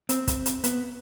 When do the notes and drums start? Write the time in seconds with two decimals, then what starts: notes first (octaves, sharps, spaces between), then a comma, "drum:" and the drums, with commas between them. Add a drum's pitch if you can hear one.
0.09 C4, drum: hi-hat
0.28 drum: kick, hi-hat
0.46 drum: hi-hat
0.64 B3, drum: hi-hat